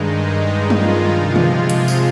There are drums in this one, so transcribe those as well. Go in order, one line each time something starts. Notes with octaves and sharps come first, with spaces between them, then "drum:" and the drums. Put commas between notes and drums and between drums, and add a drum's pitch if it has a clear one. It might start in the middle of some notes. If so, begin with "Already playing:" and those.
Already playing: G2 D#3 G#3 D#4
D#4
F4, drum: tom
C3 F3 G#3 F4
drum: tom
drum: hi-hat
drum: tambourine